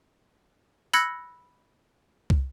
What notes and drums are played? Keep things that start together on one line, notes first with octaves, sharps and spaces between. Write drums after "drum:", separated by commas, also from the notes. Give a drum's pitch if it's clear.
B5 E6 F#6 G#6 A#6 C#7, drum: tambourine
drum: kick